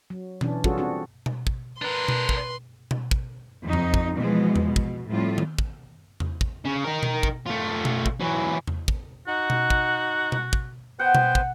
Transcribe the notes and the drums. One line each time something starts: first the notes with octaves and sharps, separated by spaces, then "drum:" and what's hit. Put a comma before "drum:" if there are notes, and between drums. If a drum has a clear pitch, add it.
F#3
E3 C#4 D4, drum: tom B2
G3 C#4 F4 F#4 G#4 A4, drum: kick
C4 D4 F#4
drum: tom B2
drum: kick
D4 A#4 B4 C6
drum: tom B2
drum: kick
drum: tom B2
drum: kick
F2 D#4
drum: tom E2
drum: kick
B2 E3 F3 G#3
drum: tom E2
B2
drum: kick
A2 F3 G3 C4 F4
drum: tom D#3
drum: kick
drum: tom E2
drum: kick
C#3
D#4 A#4
drum: tom B2
drum: kick
A3 F4
drum: tom B2
drum: kick
E3 F#3
drum: tom E2
drum: kick
D#4 F#4 F#5 F#6
drum: tom B2
drum: kick
drum: tom B2
drum: kick
B3 B4 C5 F#5 G5
drum: tom B2
drum: kick